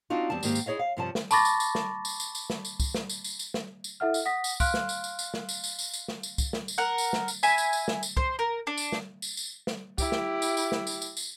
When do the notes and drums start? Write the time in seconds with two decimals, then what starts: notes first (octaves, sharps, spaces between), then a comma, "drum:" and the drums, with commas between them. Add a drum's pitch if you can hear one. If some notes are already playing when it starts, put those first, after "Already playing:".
0.10 C4 D4 D#4 F4 F#4
0.30 E2 G3 C4 A5
0.43 G#2 D#3 A#3 G4, drum: tambourine
0.55 drum: tambourine
0.66 E4 G#4 C#5 D#5 F5
0.79 F5
0.97 G2 C3 F3 C#4 G5 A5
1.15 drum: snare
1.31 A5 B5 C#6 D6 A6 A#6, drum: tambourine
1.45 drum: tambourine
1.60 drum: tambourine
1.75 drum: snare
2.05 drum: tambourine
2.20 drum: tambourine
2.35 drum: tambourine
2.50 drum: snare
2.65 drum: tambourine
2.80 drum: kick, tambourine
2.95 drum: snare
3.09 drum: tambourine
3.24 drum: tambourine
3.39 drum: tambourine
3.54 drum: snare
3.84 drum: tambourine
4.00 E4 A4 E5 F#5 F6
4.14 drum: tambourine
4.25 F#5 D#6 A#6 B6
4.44 drum: tambourine
4.60 F5 C6 F6 F#6 D7, drum: kick, tambourine
4.74 drum: snare
4.89 drum: tambourine
5.04 drum: tambourine
5.19 drum: tambourine
5.34 drum: snare
5.49 drum: tambourine
5.64 drum: tambourine
5.79 drum: tambourine
5.93 drum: tambourine
6.08 drum: snare
6.23 drum: tambourine
6.38 drum: kick, tambourine
6.53 drum: snare
6.68 drum: tambourine
6.78 A#4 F#5
6.98 drum: tambourine
7.13 drum: snare
7.28 drum: tambourine
7.43 E5 G#5 B5, drum: tambourine
7.58 drum: tambourine
7.73 drum: tambourine
7.88 drum: snare
8.03 drum: tambourine
8.17 C5, drum: kick
8.39 A#4
8.67 D4
8.77 drum: tambourine
8.92 drum: snare
9.22 drum: tambourine
9.37 drum: tambourine
9.67 drum: snare
9.98 E4 G4, drum: kick, tambourine
10.12 drum: snare
10.42 drum: tambourine
10.57 drum: tambourine
10.72 drum: snare
10.87 drum: tambourine
11.02 drum: tambourine
11.17 drum: tambourine